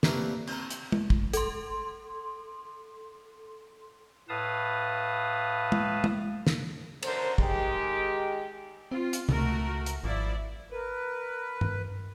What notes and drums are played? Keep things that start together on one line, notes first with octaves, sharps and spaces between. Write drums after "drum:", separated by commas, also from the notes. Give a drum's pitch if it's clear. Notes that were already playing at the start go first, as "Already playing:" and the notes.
G3 A3 A#3 C4 A#4 B4, drum: snare
C4 A#4, drum: cymbal
drum: hi-hat
drum: tom G#3
drum: kick
A4 C6, drum: hi-hat
A2 B4 F5 A5 D#6
drum: tom G#3
drum: tom G#3
drum: snare
F#2 D3 A#4 C5, drum: cymbal
D#3 G#3 G4, drum: kick
C4 F4
drum: hi-hat
C#2 A3 F#4 A#4, drum: tom C3
drum: hi-hat
G#1 F3 E4 D5
A#4 B4
drum: tom G2